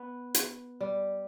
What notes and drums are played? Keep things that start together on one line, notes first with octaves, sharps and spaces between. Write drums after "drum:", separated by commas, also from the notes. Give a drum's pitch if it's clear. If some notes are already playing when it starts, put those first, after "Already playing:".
Already playing: B3
drum: hi-hat
G3